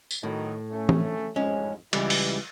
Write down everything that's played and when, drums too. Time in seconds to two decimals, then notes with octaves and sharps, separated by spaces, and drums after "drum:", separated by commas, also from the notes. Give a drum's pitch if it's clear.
0.11 drum: tambourine
0.23 A2 D#3 F#3
0.71 A3 C#4
0.89 drum: tom E3
1.36 A1 F2 G#2 G#3 C#4
1.93 C#2 E3 G3 E4, drum: cymbal
2.10 drum: open hi-hat